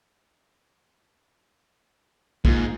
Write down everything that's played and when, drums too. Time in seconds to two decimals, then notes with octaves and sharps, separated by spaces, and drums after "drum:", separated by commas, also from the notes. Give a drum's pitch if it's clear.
2.45 G#2 A#3 F4, drum: kick B1